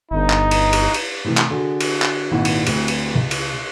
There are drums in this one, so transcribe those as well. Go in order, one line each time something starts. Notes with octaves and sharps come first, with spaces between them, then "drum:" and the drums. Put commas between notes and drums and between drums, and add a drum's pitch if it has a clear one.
G1 D#4
drum: clap
drum: cymbal
drum: cymbal
drum: cymbal
A2 C3 E3
drum: clap
D3 F#4 G#4
drum: cymbal
drum: clap
G#1 A#2 D#3 C4 E4 F#5
drum: cymbal
D1 D2 C4, drum: cymbal
drum: cymbal
C#2
drum: cymbal